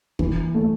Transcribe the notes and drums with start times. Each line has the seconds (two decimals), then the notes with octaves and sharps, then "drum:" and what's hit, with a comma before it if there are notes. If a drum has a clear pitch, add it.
0.19 E3, drum: kick
0.54 A3